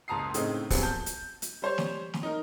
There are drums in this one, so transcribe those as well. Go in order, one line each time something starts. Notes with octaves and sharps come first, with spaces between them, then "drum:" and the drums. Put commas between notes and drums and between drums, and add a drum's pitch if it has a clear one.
F#1 C#2 A5 A#5 D#6 C7
A2 C#3 A3 C4 D#4, drum: hi-hat
C3 F3 F#3 A#3 B3 G#4, drum: kick, open hi-hat
A5 G6
drum: hi-hat
drum: hi-hat
G3 C5 C#5
drum: snare
drum: snare
D#4 A#4